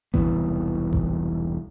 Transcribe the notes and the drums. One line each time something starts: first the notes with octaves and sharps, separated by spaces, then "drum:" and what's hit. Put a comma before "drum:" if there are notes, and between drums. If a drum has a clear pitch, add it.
E1 C2 E3 B3, drum: kick A1
drum: kick A1